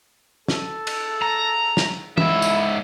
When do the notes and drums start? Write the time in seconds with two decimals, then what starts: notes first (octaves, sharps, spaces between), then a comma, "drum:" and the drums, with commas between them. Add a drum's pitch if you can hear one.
0.48 A4, drum: snare
0.87 drum: cymbal
1.22 A#5
1.77 drum: snare
2.18 G#2 E4 E5, drum: tom
2.42 drum: tambourine